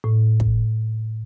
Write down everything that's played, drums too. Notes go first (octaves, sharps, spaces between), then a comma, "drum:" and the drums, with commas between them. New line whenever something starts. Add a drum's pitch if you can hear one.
A2
drum: kick